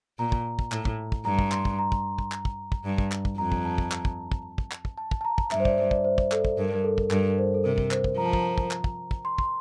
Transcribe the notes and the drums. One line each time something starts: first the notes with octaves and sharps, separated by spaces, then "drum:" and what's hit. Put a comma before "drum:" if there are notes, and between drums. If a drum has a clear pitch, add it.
A#2 A#5
drum: kick
drum: kick
A2, drum: clap
drum: kick
drum: kick
G2 A#5
drum: kick
C6, drum: clap
drum: kick
A#5
drum: kick
drum: kick
drum: clap
drum: kick
drum: kick
G2
drum: kick
drum: clap
drum: kick
F2 A#5
drum: kick
A5
drum: kick
drum: clap
drum: kick
drum: kick
drum: kick
drum: clap
drum: kick
A5
drum: kick
A5
A#5
drum: kick
G2 E5, drum: clap
C5
D5, drum: kick
C5
D5, drum: kick
C5
drum: kick
A4, drum: clap
drum: kick
G2 A#4
A#4
A4
drum: kick
G2 A#4, drum: clap
A#4
C5
A4
C3 A#4
drum: kick
C5, drum: clap
drum: kick
F3 A#5
A5
A#5, drum: kick
drum: kick
drum: clap
drum: kick
drum: kick
C6
C6, drum: kick